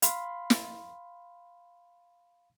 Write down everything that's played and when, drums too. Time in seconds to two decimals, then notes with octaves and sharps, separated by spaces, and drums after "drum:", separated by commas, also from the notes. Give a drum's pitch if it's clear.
0.02 F5 B5 C6, drum: hi-hat
0.50 drum: snare